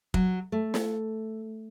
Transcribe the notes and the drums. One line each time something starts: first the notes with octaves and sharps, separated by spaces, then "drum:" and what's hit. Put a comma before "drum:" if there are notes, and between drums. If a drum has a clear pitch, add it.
F#3, drum: kick
A3
drum: snare